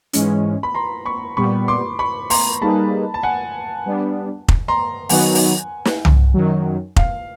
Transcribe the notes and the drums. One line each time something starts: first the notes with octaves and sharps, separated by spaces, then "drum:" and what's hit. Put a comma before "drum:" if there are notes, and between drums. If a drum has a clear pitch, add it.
G#2 E3 G#3 C#4, drum: hi-hat
B5
A#5 C6
B5 C#6
A#2 G3 B3 B5 C#6
C6 D6
B5 C#6
A#5 C6, drum: open hi-hat
G3 A#3 D#4 G#4 B4 A5 B5
A5
F#5 G#5
G3 B3 D4
drum: kick F1
A#5 C6
D#3 F#3 B3 D#4 F#4 F#5 G#5, drum: open hi-hat
drum: open hi-hat
drum: snare
drum: tom C2
F#2 D#3 F#3
F5, drum: kick F1